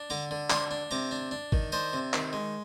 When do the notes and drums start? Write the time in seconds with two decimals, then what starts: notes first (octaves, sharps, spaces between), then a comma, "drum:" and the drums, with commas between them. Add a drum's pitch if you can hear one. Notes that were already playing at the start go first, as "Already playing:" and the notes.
Already playing: D4
0.10 D3 A#5 D6
0.31 D3
0.50 D4 C6 D#6, drum: clap
0.71 D4
0.91 C3 A#5 D6
1.11 D4
1.31 D4
1.52 D#3, drum: kick G#1
1.72 D4 C5 D#5
1.93 C3
2.14 D#3, drum: clap
2.33 G#3